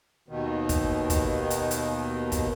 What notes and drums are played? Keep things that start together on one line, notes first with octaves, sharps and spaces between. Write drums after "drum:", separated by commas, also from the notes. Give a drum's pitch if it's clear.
D#2 B2 D#3
drum: kick, hi-hat
drum: kick, hi-hat
drum: hi-hat
drum: hi-hat
drum: kick, hi-hat